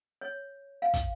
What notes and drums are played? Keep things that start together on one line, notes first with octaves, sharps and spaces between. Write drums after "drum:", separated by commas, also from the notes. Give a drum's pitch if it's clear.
C#5
F5
drum: kick, hi-hat